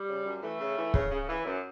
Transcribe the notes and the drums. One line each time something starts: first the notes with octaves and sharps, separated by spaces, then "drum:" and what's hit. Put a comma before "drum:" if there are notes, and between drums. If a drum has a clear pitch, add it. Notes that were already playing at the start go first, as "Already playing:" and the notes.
Already playing: G3
C#3
F#2
E3 A3
C#3
E3
C#3, drum: kick
C#3
E3
F#2